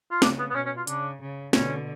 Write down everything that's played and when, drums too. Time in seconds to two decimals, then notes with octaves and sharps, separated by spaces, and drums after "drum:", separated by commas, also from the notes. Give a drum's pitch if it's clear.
0.11 F4
0.22 C#3 D4, drum: snare
0.39 B3
0.50 B3
0.54 B2 C#4
0.66 C#4
0.77 F4
0.87 C#3 D4, drum: hi-hat
1.21 C#3
1.53 B2 D3 C#4, drum: snare